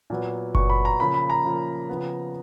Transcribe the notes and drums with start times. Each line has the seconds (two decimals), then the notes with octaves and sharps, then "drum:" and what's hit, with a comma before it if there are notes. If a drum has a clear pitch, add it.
0.10 A#2 F#3 B3
0.55 A#2 F#3 B3 C#6, drum: kick F#1
0.70 B5
0.85 A#5
1.00 C#3 F3 A#3 B5
1.14 B5
1.30 A#5
1.44 C#3 F3 A#3
1.89 C#3 F3 B3